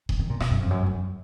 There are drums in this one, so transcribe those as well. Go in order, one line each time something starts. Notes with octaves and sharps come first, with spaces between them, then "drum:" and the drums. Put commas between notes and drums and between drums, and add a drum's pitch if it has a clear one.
D#3, drum: kick D#1
D#3
A#2
B2, drum: rim click
F#2
F2
F#2
F#2